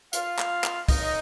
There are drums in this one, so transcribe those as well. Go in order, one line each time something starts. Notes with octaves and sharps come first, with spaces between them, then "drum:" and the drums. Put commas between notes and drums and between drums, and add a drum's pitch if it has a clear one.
F4 F5, drum: hi-hat
drum: clap
drum: clap
D#4 D#5, drum: kick, open hi-hat